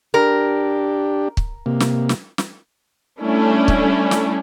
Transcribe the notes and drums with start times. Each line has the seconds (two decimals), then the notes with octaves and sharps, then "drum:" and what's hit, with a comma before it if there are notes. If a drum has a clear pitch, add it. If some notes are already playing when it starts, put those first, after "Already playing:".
0.14 D4 G4 A#4
1.37 drum: kick
1.66 C3 A#3
1.80 drum: snare
2.09 drum: snare
2.38 drum: snare
3.21 G3 A3 C#4 D4 E4
3.68 drum: kick
4.11 drum: snare